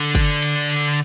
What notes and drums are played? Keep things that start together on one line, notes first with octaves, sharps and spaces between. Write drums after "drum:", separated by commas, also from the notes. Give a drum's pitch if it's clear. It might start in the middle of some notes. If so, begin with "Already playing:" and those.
Already playing: D3
drum: kick, cymbal
drum: cymbal
drum: cymbal